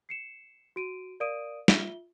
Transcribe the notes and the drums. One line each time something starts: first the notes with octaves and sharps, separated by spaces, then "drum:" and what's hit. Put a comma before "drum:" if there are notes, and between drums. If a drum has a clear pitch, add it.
C7 C#7 E7
F#4 D7 D#7
A#4 D5 F5 D#6 D7 D#7
F4 E5 G7, drum: snare